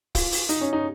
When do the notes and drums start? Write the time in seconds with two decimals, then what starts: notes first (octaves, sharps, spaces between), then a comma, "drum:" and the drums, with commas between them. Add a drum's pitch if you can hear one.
0.15 F4, drum: kick, open hi-hat
0.32 drum: open hi-hat
0.49 D#4, drum: hi-hat
0.61 C#4
0.73 D#4